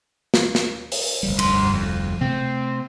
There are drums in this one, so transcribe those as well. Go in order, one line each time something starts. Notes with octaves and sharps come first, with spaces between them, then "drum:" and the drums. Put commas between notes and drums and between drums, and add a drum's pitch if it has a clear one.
drum: snare
drum: snare
drum: open hi-hat
F1 D2 G3
G2 C6, drum: cymbal
F2
C3 A3 C4